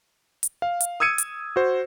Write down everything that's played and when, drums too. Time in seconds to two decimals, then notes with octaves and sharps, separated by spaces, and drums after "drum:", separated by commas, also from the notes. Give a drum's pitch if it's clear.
0.43 drum: hi-hat
0.62 F5
0.80 drum: hi-hat
1.00 D#6 E6 G#6 C#7 D#7
1.18 drum: hi-hat
1.56 F#4 C5